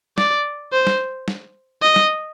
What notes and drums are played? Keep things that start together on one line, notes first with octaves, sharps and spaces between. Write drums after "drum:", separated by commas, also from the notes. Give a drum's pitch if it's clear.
D5, drum: snare
C5
drum: snare
drum: snare
D#5
drum: snare